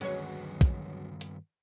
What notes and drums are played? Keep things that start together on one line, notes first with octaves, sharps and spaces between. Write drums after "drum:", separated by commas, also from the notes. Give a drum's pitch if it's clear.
D2 G2 D#3 F#3 G#3 C#4 B4 C#5
drum: kick, hi-hat
drum: hi-hat